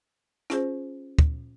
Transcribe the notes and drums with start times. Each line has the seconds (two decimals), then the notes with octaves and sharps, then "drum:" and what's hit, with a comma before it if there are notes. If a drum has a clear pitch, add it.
0.50 C#4 F4 G#4 C5, drum: rim click
1.19 drum: kick